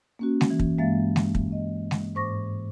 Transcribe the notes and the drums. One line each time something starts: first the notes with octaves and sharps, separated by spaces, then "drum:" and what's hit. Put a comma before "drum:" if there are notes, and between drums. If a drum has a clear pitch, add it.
A#3 C#4 F#4
drum: snare G#3
E3
drum: kick
G2 G#3 A#3 E5 F5 A6
drum: snare G#3
drum: kick
D#5
drum: snare G#3
G#2 C5 C#6 D6 A#6